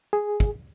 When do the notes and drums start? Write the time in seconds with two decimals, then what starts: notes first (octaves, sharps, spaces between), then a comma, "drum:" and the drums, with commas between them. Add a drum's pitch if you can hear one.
0.13 G#4
0.40 drum: kick